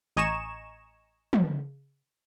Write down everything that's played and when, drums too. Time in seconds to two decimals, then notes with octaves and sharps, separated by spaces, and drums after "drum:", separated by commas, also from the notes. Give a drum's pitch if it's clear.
0.16 A1 D#5 G#5 A#5 C#6 E7
1.33 drum: tom